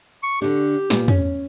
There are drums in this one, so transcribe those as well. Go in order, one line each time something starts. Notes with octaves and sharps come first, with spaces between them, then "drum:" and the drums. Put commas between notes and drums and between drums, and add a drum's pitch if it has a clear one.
C#6
D3 D4 G4
A#2 B3 D5, drum: snare
C#4, drum: tom